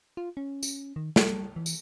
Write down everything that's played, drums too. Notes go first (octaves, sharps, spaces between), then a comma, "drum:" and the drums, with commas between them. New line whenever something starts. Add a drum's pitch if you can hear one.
F4
C#4
drum: tambourine
D#3
G3, drum: snare A4
E3
drum: tambourine